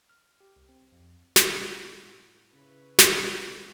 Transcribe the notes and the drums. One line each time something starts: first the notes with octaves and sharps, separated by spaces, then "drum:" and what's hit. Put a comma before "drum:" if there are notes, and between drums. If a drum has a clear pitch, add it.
F6
G4
C2
C4
F2
A2 F4, drum: snare
C#3 E4 B4 C#5
drum: snare